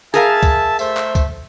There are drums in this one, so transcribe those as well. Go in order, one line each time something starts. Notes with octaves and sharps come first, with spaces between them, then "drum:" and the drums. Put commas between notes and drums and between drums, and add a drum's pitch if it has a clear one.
G#4 A#4 E5 F5 A5
drum: kick C2, tambourine
A3 C5 E5, drum: tambourine
drum: clap
drum: kick C2, tambourine